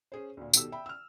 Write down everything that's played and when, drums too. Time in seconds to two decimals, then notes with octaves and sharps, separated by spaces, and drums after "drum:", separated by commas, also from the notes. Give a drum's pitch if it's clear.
0.12 C#4 G#4 C5
0.37 D2 A#2
0.53 B2 D#3 G4 A4 E6, drum: tambourine
0.72 E5 G5 B5
0.86 E6 F6